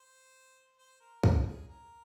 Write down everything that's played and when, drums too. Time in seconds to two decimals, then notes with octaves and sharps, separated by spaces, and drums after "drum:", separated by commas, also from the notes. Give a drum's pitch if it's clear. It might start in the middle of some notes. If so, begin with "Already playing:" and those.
Already playing: C5
0.78 C5
1.00 A#4
1.23 G#4, drum: kick
1.46 G#4
1.68 A#4